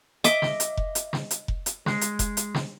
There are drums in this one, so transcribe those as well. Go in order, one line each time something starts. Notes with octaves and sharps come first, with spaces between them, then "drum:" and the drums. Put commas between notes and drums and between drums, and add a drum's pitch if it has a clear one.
D#5 E5 D6, drum: hi-hat
drum: snare
drum: hi-hat
drum: kick F1
drum: hi-hat
drum: snare
drum: hi-hat
drum: kick F1
drum: hi-hat
G#3, drum: snare
drum: hi-hat
drum: kick F1, hi-hat
drum: hi-hat
drum: snare